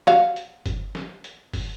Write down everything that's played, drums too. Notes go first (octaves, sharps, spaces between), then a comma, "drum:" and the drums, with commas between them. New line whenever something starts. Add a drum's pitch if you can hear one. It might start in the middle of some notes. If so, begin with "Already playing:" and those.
F#4 F5, drum: snare
drum: hi-hat
drum: kick G1, hi-hat
drum: snare
drum: hi-hat
drum: kick G1, open hi-hat